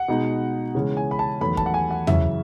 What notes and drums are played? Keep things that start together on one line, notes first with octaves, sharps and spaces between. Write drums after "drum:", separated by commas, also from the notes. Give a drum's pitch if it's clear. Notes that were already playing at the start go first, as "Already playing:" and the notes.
Already playing: F#5
B2 G#3 B3 D#4
C#3 E3 G#3 C#4
G#5
B5
A5
E2 D#3 F#3 A3 B5
A5, drum: kick
F#5
G#5
F#5
F#2 C#3 E3 E5, drum: tom